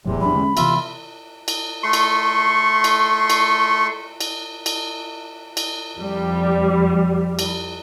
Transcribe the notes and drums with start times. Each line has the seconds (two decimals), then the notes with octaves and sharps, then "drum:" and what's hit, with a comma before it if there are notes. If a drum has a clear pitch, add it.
0.05 D#1 E2 A2 C3 F#3
0.21 F#3 A3 D4 B5
0.34 D3 G#3 C#4
0.57 C3 E3 B3 F4 E5, drum: cymbal
1.48 drum: cymbal
1.83 A3 C6 C#6
1.93 drum: cymbal
2.84 drum: cymbal
3.30 drum: cymbal
4.21 drum: cymbal
4.66 drum: cymbal
5.57 drum: cymbal
5.97 F2 F3 G3
7.39 drum: cymbal